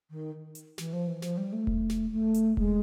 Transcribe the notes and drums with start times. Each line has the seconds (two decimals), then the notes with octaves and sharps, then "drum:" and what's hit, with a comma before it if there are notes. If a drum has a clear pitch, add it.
0.10 D#3
0.55 drum: hi-hat
0.78 E3, drum: snare
0.92 F3
1.07 E3
1.22 F3, drum: snare
1.37 G3
1.52 A3
1.67 drum: kick E1
1.90 drum: snare
2.12 A3
2.34 drum: hi-hat
2.57 G#3, drum: kick E1